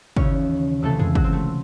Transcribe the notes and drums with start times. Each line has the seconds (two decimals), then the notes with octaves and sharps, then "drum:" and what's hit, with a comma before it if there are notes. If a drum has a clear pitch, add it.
0.16 D#2 C#3 E3 C#4 C#5, drum: kick
0.82 C#2 C3 E3 A3 A4
0.99 G#3 G#4, drum: tom E2
1.15 F#3 F#4, drum: kick
1.24 C4
1.33 A3